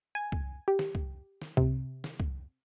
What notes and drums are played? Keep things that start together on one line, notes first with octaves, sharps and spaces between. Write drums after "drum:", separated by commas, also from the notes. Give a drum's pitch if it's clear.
G#5
drum: kick C2
G4
drum: snare
drum: kick C2
drum: snare
C3, drum: kick C2
drum: snare
drum: kick C2